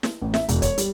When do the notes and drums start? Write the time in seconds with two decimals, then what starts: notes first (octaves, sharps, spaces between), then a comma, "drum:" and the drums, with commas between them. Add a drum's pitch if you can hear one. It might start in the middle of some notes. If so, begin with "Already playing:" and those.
0.03 drum: snare
0.22 A1
0.34 E5, drum: snare
0.48 E1, drum: hi-hat
0.62 C#5, drum: kick, hi-hat
0.78 G3, drum: hi-hat